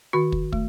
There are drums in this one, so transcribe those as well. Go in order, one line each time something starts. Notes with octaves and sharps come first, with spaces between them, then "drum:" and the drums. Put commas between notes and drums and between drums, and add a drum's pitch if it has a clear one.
D#3 F#4
drum: kick
A3, drum: kick